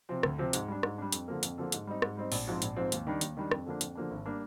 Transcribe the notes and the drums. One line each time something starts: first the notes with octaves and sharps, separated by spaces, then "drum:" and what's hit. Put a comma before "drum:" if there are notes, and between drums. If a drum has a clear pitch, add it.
C3 F3 C4
D2, drum: rim click
C3 F3 C4
G#2, drum: hi-hat
G3 D4
G#2, drum: rim click
G3 D4
F2, drum: hi-hat
D3 F3 A#3
F2, drum: hi-hat
D3 F3 A#3
G#2, drum: hi-hat
G3 C4 D#4
G#2, drum: rim click
G3 C4 D#4
A#1, drum: open hi-hat
G#2 F3 C4
A#1, drum: hi-hat
G#2 F3 C4
D#2, drum: hi-hat
D#3 G3 D4
D#2, drum: hi-hat
D#3 G3 D4
F2, drum: rim click
D3 F3 A#3 D4
F2, drum: hi-hat
D3 F3 A#3 D4
G#1
G3 A#3 D4